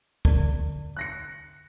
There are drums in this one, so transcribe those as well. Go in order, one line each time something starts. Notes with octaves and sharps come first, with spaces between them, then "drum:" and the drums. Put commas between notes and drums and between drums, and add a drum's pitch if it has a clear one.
D3 D5, drum: kick
F#6 A#6 C#7